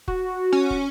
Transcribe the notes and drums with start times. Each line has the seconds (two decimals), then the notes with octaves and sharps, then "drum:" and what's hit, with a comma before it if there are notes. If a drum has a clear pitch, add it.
0.08 F#4, drum: kick
0.53 C#4
0.70 drum: kick